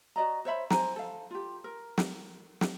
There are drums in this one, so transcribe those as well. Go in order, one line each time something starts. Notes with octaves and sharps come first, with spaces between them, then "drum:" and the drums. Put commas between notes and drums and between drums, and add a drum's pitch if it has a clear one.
F#4 D5 D#5 A#5
C5 C#5 E5 B5
C5 G#5 A#5, drum: snare
A4 F5
F4 G4
A#4
drum: snare
drum: snare